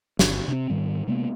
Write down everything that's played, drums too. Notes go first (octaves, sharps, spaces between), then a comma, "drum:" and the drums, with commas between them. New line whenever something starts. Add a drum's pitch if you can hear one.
G1, drum: snare
C3 C4
G#2 D#3 G3
C3 G#3 A#3 B3